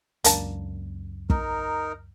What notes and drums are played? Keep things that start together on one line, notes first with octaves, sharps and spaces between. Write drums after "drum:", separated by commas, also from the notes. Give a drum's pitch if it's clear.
C#2 F#2 A#3 D4 A5, drum: hi-hat
D#4 A#4, drum: kick